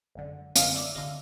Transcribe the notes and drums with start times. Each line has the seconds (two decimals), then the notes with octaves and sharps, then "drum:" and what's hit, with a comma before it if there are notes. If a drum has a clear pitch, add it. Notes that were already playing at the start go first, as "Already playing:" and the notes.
0.15 G#1 F#2 D3
0.55 G#1 F#2 D3 D#5 F5, drum: hi-hat
0.75 D5 E5
0.95 G#1 D3 D#5 F5